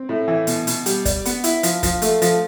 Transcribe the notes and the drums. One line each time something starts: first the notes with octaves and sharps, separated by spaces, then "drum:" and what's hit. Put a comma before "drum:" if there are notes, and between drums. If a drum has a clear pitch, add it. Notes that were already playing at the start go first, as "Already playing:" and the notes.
Already playing: C4
A2
E3
B2, drum: hi-hat
B2, drum: hi-hat
G3, drum: hi-hat
D5, drum: kick, hi-hat
B3, drum: hi-hat
E4, drum: hi-hat
F3, drum: hi-hat
F3, drum: kick, hi-hat
A3, drum: hi-hat
F3, drum: hi-hat